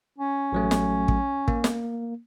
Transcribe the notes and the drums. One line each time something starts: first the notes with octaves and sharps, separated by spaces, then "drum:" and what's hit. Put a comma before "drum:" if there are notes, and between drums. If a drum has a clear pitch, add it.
C#4
A1 F#3 A3
drum: snare
drum: kick
A#3, drum: kick
drum: snare